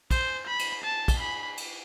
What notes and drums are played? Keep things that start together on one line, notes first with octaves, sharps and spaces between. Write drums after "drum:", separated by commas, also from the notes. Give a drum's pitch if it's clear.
C5, drum: kick, cymbal
B5
drum: cymbal
A5
drum: kick, cymbal
B5
drum: cymbal